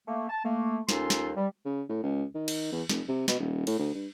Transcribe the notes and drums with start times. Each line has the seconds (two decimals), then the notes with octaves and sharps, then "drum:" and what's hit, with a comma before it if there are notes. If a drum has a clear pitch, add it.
0.08 A3 A#3
0.30 A5
0.45 A3 A#3
0.89 D#2 C#4 D#4 F4 A4 C6, drum: snare
1.10 drum: snare
1.37 G3
1.65 C#3
1.89 A2
2.03 C#2
2.35 D#3
2.48 drum: cymbal
2.72 E2
2.89 F1, drum: snare
3.08 C3
3.28 B2, drum: snare
3.39 D#1
3.67 A2, drum: cymbal
3.79 D2
3.94 G2